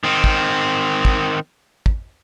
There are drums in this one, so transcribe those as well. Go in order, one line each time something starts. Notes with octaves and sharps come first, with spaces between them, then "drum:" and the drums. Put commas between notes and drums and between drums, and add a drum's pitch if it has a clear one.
D#3 C4
drum: kick
drum: kick
drum: kick